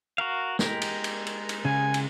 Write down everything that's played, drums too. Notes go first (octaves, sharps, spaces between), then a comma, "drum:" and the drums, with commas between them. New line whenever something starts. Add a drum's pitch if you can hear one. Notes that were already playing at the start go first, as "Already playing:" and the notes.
F#4 A#4 F5
G#3 G4 A#4, drum: snare
drum: cymbal
drum: cymbal
drum: cymbal
drum: cymbal
C#3 G#5
drum: cymbal